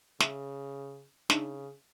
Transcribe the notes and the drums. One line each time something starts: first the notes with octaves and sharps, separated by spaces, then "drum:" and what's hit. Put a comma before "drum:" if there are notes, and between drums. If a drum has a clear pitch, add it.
C#3 E5, drum: snare
C#3 D4 D#4 E5, drum: snare